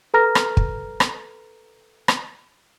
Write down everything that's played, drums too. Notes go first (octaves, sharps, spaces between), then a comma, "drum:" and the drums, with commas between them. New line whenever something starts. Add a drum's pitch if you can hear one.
A4 B4 A#5 F6 A#6
drum: rim click
drum: kick
drum: rim click
drum: rim click